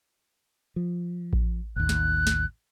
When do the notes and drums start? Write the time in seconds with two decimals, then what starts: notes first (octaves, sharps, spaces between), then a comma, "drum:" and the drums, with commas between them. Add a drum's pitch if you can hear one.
0.76 F3
1.33 drum: kick A1
1.76 A1 D#2 F#6
1.89 drum: snare
2.27 drum: snare